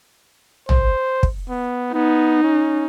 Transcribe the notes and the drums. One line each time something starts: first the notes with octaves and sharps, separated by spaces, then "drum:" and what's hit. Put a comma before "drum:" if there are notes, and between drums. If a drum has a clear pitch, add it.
C5, drum: tom A1
drum: kick
B3
B3 D#4
C#4